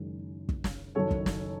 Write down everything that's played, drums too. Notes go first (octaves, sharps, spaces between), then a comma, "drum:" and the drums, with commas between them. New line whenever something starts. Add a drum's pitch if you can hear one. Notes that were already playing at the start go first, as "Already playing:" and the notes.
Already playing: F#1 F#2 D#3 G#3
drum: kick
drum: snare
F#1 F#2 D#3 A4 C#5
drum: kick
drum: snare